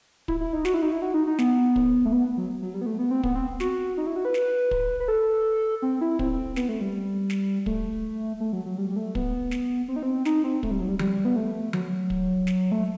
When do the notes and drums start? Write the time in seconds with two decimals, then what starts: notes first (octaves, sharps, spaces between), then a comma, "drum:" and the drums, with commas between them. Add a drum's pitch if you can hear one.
0.28 E4, drum: kick
0.41 E4
0.53 D#4
0.65 F#4, drum: snare
0.74 E4
0.82 D#4
0.92 E4
1.02 F#4
1.14 D#4
1.27 D#4
1.39 B3, drum: snare
1.76 drum: kick
2.05 A3
2.13 B3
2.37 F#3
2.62 F#3
2.74 G3
2.81 B3
2.86 A3
2.99 B3
3.11 C4
3.23 B3, drum: kick
3.35 C4
3.60 F#4, drum: snare
3.97 D#4
4.06 E4
4.16 F#4
4.25 B4
4.34 drum: snare
4.71 drum: kick
5.00 B4
5.08 A4
5.82 C4
6.01 E4
6.19 C4, drum: kick
6.56 B3, drum: snare
6.69 A3
6.81 G3
7.30 drum: snare
7.66 A3, drum: kick
8.40 A3
8.53 F#3
8.65 F#3
8.78 G3
8.91 G3
8.96 A3
9.15 B3, drum: kick
9.51 drum: snare
9.88 C4
9.96 D#4
10.03 C4
10.25 D#4, drum: snare
10.44 C4
10.63 A3, drum: kick
10.71 G3
10.80 F#3
10.89 G3
10.99 G3, drum: tom F3
11.25 B3
11.36 A3
11.73 F#3, drum: tom F3
12.10 drum: kick
12.47 drum: snare
12.72 A3